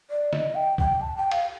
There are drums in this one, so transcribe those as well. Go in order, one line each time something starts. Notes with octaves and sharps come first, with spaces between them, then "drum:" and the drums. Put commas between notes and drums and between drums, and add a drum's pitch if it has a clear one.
D5
D#5, drum: snare
G5
G5, drum: kick B1
A5
G5
F5, drum: cymbal